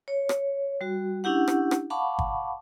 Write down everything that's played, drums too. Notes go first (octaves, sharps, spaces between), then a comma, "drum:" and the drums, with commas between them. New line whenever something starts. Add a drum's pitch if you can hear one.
C#5
drum: rim click
G3 F#4
C#4 D4 E4 G4 F#5
drum: rim click
drum: rim click
F5 F#5 A5 B5 C#6 D6
drum: kick G1